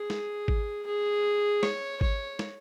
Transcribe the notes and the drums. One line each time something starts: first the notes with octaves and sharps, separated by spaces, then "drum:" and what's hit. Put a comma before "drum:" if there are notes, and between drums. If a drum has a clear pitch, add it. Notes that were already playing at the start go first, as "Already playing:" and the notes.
Already playing: G#4
drum: snare
drum: kick G#1
G#4
C#5, drum: snare
C#5, drum: kick G#1
drum: snare